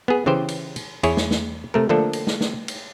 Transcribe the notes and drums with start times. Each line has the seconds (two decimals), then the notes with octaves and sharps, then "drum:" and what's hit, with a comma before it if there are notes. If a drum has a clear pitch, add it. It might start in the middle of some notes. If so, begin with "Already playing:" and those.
0.08 B3 G#4
0.26 C#3 E3 G4 C5
0.48 drum: cymbal
0.76 drum: cymbal
1.03 E2 E4 G#4 C#5, drum: cymbal
1.17 drum: snare
1.31 drum: snare
1.74 C3 A3 A#4
1.89 D3 F3 A3 A#3 D4 A4
2.13 drum: cymbal
2.27 drum: snare
2.41 drum: snare
2.68 drum: cymbal